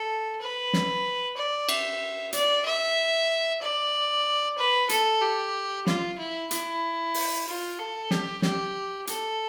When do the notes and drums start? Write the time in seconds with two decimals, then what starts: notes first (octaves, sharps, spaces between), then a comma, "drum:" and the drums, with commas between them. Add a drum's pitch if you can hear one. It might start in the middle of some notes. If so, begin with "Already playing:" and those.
Already playing: A4
0.41 B4
0.73 drum: snare
1.37 D5
1.69 E5, drum: cymbal
2.33 D5, drum: hi-hat
2.66 E5
3.61 D5
4.58 B4
4.89 A4, drum: hi-hat
5.22 G4
5.87 F4, drum: snare
6.18 E4
6.51 E4, drum: hi-hat
7.14 drum: open hi-hat
7.47 F4
7.79 A4
8.11 G4, drum: snare
8.42 G4, drum: snare
9.07 A4, drum: hi-hat